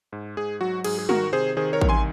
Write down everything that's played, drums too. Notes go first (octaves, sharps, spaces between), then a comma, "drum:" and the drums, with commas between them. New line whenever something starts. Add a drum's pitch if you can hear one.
G#2
G#2 G#4
F#3 F#4
G#2 G#4, drum: cymbal
G#4
D#3 F#4 A#4, drum: tom
C3 G#4 C5
D#3 G#4 C5
A#4 C#5
C2, drum: kick A1
G#5 C6